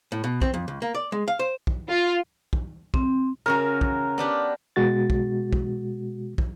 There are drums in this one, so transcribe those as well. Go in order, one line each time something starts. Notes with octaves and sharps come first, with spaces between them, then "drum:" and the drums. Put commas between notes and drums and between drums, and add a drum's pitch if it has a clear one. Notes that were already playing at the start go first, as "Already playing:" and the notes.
A2
B2
C4, drum: kick
F2
C#2
A#3
D5
G#3
F5
C5
drum: kick
F4
drum: kick
C4, drum: kick
C#3 C#4 F#4 A#4
drum: kick
B3 D4 G4
B2 G#3 F#4 A6
drum: kick
drum: kick
drum: kick